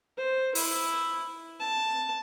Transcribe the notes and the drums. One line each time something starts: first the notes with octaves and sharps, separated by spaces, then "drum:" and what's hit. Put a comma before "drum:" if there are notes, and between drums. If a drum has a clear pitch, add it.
C5
E4, drum: open hi-hat
A5